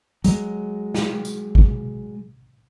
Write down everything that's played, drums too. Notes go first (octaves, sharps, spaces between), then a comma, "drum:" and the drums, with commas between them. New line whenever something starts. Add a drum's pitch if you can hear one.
F#3 G#3, drum: hi-hat
drum: snare
drum: tambourine
drum: kick